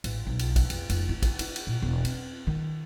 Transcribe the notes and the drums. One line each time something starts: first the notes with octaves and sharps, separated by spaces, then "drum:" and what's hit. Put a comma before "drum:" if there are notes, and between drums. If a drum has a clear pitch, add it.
A1, drum: cymbal
B1
drum: cymbal
drum: kick, cymbal
F1, drum: cymbal
F1, drum: cymbal
E4
drum: kick, cymbal
E4, drum: cymbal
drum: cymbal
A#2
E1
C4, drum: cymbal
D#3